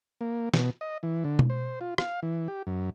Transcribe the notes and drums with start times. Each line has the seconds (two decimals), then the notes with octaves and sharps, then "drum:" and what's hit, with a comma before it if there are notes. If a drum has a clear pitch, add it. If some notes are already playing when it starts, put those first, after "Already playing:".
0.21 A#3
0.54 B2, drum: snare
0.81 D#5
1.03 E3
1.24 D3
1.39 drum: tom B2
1.50 C5
1.81 F4
1.98 F5, drum: rim click
2.22 E3
2.48 G4
2.67 F#2